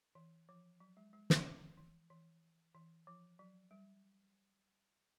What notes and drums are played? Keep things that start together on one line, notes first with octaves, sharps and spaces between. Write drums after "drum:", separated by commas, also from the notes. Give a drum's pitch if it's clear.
E3
F3
F#3
G#3
G#3
drum: snare
F3
E3
E3
E3
F3
F#3
G3